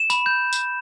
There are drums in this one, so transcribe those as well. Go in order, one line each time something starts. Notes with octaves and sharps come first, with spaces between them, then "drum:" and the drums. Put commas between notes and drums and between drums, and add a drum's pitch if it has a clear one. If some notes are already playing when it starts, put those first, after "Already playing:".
Already playing: E7
B5, drum: tambourine
G6
drum: tambourine